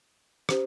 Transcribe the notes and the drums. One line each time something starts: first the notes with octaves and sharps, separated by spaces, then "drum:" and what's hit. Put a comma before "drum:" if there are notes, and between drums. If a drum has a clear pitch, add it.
C#4 G4 C5, drum: rim click